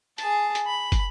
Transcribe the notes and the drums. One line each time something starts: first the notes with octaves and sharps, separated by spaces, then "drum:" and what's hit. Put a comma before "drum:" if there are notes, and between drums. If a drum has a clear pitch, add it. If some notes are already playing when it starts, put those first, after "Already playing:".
G#4 A5, drum: hi-hat
drum: hi-hat
B5
drum: kick, hi-hat